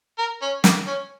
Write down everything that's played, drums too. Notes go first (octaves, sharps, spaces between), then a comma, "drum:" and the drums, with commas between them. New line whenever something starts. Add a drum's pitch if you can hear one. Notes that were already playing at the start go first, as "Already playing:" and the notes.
A#4
C#4
A#3, drum: snare
C#4